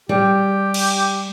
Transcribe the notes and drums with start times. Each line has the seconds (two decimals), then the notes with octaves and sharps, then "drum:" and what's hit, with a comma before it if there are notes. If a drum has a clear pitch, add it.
0.09 G3 G4
0.74 drum: cymbal